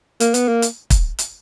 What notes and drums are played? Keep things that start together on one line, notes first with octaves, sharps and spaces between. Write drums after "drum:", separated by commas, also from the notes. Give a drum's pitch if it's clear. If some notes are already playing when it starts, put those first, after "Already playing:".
A#3, drum: hi-hat
B3, drum: hi-hat
A#3
drum: hi-hat
drum: kick, hi-hat
drum: hi-hat